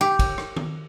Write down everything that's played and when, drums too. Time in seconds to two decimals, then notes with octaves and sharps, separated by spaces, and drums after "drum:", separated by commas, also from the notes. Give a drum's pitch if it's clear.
0.01 G4
0.19 drum: kick, cymbal
0.38 drum: rim click
0.57 drum: tom